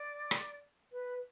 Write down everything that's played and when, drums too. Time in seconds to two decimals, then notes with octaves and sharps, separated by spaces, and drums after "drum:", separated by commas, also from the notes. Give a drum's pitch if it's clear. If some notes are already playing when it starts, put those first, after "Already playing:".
Already playing: D5
0.31 drum: rim click
0.92 B4